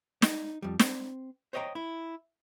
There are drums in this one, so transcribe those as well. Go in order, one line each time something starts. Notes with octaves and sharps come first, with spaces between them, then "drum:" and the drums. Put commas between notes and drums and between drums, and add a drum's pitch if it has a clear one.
D#4, drum: snare
F2 G3
C4, drum: snare
C5 C#5 D#5 F#5 G5 A#5
E4